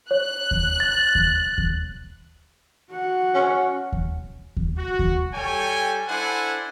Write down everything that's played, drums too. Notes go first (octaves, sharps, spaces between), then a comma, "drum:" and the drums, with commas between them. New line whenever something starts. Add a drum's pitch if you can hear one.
C#5 F#6
drum: kick D#2
A6
drum: kick D#2
drum: kick D#2
F#4 F#5
C#4
drum: kick D#2
drum: kick D#2
F#4
drum: kick D#2
G3 A4 C#5 G5 G#5
D4 E4 A4 C5 F#5 G#5